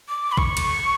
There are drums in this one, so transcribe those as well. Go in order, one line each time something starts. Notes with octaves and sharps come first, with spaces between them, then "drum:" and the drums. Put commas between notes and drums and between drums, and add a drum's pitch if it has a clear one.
D6
B5
C#6, drum: kick A#1
drum: cymbal